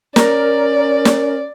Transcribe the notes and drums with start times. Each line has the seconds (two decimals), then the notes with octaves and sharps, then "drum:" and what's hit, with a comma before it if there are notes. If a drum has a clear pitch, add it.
0.16 C#4 A#4 D5, drum: snare
1.05 drum: snare